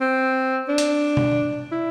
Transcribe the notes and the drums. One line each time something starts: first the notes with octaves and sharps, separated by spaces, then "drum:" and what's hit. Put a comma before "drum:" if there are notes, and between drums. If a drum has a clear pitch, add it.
C4
D4
drum: hi-hat
drum: tom B2
E4